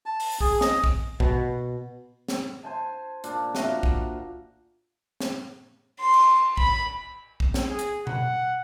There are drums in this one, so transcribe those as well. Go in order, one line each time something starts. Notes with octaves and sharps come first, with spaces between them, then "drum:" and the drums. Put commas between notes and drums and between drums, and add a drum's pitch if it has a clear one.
A5
drum: open hi-hat
G#4, drum: kick
D#5, drum: snare
drum: kick
B2, drum: kick
drum: snare
C5 G#5 A5
A#2 D4, drum: hi-hat
F#4 E5 F5 A#5, drum: snare
drum: kick
drum: snare
C6
drum: cymbal
B5, drum: kick
drum: kick
drum: snare
G#4
drum: hi-hat
F#5, drum: tom B2